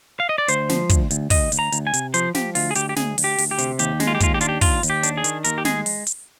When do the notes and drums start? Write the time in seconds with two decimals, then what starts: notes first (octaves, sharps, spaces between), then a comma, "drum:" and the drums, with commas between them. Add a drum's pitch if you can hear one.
0.20 F5
0.29 D#5
0.38 D5
0.48 D2 C5, drum: hi-hat
0.69 F3, drum: snare
0.89 D2, drum: kick, hi-hat
1.11 D2, drum: hi-hat
1.30 D2 D#5, drum: kick, open hi-hat
1.52 D2, drum: hi-hat
1.59 A#5
1.72 D2, drum: hi-hat
1.87 G#5
1.94 C3, drum: hi-hat
2.14 F3 C5, drum: hi-hat
2.35 F3 G4, drum: snare
2.55 D2 F4, drum: open hi-hat
2.71 G#4
2.75 D2 G4, drum: hi-hat
2.89 G4
2.96 D2 G#4, drum: snare
3.18 D2, drum: open hi-hat
3.24 G4
3.38 D2, drum: open hi-hat
3.51 G4
3.58 C3, drum: hi-hat
3.79 D#2 G4, drum: hi-hat
4.00 G#3, drum: snare
4.07 F4
4.15 G4
4.20 D#2 F4, drum: kick, hi-hat
4.34 G4
4.41 D4 F4, drum: hi-hat
4.49 G4
4.61 D#2 F4, drum: kick, open hi-hat
4.83 D#2, drum: hi-hat
4.90 G4
5.03 D4, drum: hi-hat
5.17 G#4
5.24 D#3, drum: hi-hat
5.44 D#2 A#4, drum: hi-hat
5.58 G4
5.65 G#3 G#4, drum: snare
5.86 drum: open hi-hat
6.07 drum: hi-hat